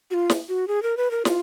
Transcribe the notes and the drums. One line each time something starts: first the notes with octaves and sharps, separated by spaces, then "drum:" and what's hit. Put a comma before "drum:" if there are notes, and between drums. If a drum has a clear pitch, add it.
F#4
F4
drum: snare
F#4
G#4
A#4
B4
A#4
F4, drum: snare